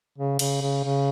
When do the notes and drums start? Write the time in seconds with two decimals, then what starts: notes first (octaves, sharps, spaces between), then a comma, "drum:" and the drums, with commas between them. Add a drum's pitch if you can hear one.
0.18 C#3
0.39 C#3, drum: cymbal
0.62 C#3
0.84 C#3